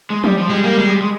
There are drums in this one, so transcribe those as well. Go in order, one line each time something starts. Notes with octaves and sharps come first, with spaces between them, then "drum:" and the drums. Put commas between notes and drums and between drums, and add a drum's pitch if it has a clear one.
G#3
G3, drum: tom F3
F3
G3 G#3
A#3
G#3
G3
G#3